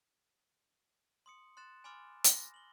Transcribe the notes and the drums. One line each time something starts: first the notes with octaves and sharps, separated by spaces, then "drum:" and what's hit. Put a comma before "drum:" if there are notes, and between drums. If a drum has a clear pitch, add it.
C6 D#6 C#7
C6 F#6 A6 E7
G#5 B5 C6 D6 F6 A6
A#6, drum: hi-hat
F#7 G7